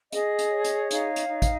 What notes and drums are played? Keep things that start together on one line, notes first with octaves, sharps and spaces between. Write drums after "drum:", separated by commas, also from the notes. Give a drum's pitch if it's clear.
G#4 D#5, drum: hi-hat
drum: hi-hat
C#5
drum: hi-hat
D#4 F5, drum: hi-hat
drum: hi-hat
D#4
drum: kick, hi-hat